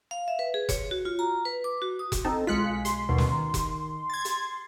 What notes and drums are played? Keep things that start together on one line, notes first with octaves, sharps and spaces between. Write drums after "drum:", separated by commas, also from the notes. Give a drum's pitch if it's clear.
F5
E5
B4
G#4
C#5, drum: kick F1, hi-hat
F#4
F4
A#5
B4
D6
F#4
D#6
drum: kick F1, hi-hat
C4 D#4 A4
B1 G#3 F4 F#6 B6 C#7
C6, drum: hi-hat
D#2 B2
drum: snare
D#3
drum: kick F1, hi-hat
G#6 A6
drum: hi-hat